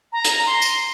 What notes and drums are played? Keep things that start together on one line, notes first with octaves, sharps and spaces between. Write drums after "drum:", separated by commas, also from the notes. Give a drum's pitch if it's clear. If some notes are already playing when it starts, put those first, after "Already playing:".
A#5
drum: hi-hat
C6
drum: tambourine